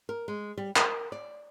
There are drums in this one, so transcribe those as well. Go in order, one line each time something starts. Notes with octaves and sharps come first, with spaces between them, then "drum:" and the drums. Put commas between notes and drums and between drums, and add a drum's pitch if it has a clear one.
A#4
G#3
G3
A#4, drum: clap
D5